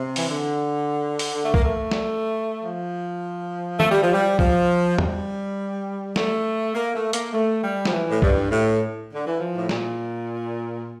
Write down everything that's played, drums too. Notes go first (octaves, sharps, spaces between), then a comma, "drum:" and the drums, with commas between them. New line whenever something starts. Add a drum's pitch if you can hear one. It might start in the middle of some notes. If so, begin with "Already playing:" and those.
Already playing: C3
E3, drum: open hi-hat
D3
drum: open hi-hat
A3
A#3, drum: kick B1
A3
drum: snare
F3
A3, drum: tom
G3
F3
G3
F3, drum: kick B1
G3, drum: tom
A3, drum: snare
A#3
A3
A#3, drum: hi-hat
A3
G3
F3, drum: snare
E3
A2
G2, drum: kick B1
A2
D3
E3
F3
A2
A#2, drum: snare